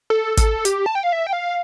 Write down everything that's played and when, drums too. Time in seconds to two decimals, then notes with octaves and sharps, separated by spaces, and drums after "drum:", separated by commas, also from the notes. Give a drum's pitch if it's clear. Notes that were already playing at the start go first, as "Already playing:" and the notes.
0.10 A4
0.37 A4, drum: kick, hi-hat
0.65 G4, drum: hi-hat
0.86 A5
0.95 G5
1.03 F5
1.12 E5
1.27 G5
1.33 F5